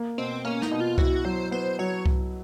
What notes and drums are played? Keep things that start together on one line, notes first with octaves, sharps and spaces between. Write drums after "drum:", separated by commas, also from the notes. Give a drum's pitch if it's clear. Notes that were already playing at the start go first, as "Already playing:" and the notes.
Already playing: A#3
B2 C4
A#3 C#4
D#4, drum: snare
B2
F4
E4 F#4, drum: kick C2
F#3 C5
B3 C5
F#3 C#5
drum: kick C2